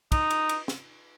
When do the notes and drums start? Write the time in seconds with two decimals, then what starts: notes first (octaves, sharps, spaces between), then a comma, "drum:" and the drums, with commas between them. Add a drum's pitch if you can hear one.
0.12 D#4, drum: kick, cymbal
0.31 drum: cymbal
0.49 drum: cymbal
0.68 drum: snare